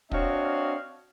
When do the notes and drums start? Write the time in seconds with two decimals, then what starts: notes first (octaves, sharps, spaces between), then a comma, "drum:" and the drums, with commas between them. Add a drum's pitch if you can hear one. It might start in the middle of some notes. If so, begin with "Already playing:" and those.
0.12 C4 D4 F#4 C#5 D#5 F5, drum: kick